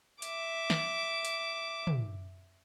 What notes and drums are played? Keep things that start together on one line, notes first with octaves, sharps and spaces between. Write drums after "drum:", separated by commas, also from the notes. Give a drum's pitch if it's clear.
E5 D6, drum: hi-hat
drum: snare
drum: hi-hat
drum: tom